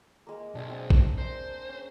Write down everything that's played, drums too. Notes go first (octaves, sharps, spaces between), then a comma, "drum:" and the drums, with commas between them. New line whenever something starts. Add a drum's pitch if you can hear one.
G#3 A#3
B1 D4 G#4 E5
C4 G#4
drum: kick A1
A#4 C5 E5
C#4